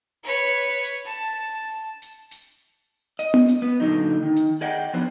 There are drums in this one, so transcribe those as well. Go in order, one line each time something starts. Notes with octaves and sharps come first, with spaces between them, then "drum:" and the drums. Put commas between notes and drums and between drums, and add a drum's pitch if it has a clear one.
B4 C#5
drum: hi-hat
A5
drum: hi-hat
drum: hi-hat
D#5, drum: hi-hat
drum: tom B3
drum: hi-hat
B3
F#2 A#2 D3 F#3 D#4
D#3
drum: hi-hat
G#4 D5 D#5 F#5 G5
F3 F#3 B3 D4 C5